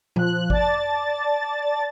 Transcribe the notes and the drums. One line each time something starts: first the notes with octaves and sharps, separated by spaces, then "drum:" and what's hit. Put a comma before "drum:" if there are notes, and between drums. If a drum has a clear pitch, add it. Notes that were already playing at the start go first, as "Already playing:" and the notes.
F3 F#6, drum: tom A#2
D5 A5 A6, drum: kick G#1